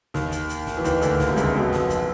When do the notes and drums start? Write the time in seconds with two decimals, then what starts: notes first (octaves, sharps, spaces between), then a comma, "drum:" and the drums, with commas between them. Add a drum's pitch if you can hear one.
0.14 D#2 D#3, drum: snare
0.32 drum: hi-hat
0.49 drum: hi-hat
0.67 drum: snare
0.77 E3
0.84 D#2 D#3, drum: hi-hat
1.01 D2 D3, drum: hi-hat
1.20 D#2 D#3, drum: snare
1.29 C3
1.37 C#2 C#3, drum: hi-hat
1.55 B1 B2
1.72 F2, drum: snare
1.90 drum: hi-hat